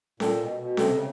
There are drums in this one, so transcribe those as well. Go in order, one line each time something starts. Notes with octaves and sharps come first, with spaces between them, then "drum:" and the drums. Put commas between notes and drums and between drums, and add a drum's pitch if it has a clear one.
A#2 A4 C5 D#5 G5, drum: snare C#4
B2
B2
C3 A4 C5 D#5 G5, drum: snare C#4
C#3